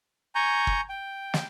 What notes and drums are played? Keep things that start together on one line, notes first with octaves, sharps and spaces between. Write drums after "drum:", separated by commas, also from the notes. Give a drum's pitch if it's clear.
G#5 A#5 C#6 G6
drum: kick
G5
drum: snare